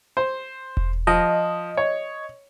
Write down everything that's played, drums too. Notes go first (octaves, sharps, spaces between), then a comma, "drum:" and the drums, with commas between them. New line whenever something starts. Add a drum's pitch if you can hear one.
C5
drum: kick E1
F3 D#5
C#5